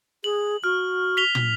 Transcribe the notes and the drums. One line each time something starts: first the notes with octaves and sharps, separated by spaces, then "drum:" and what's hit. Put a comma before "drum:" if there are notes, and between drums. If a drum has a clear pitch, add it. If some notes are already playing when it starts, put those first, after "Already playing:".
G#4 F#7
F#4 F6
B6 F7 G7
drum: tom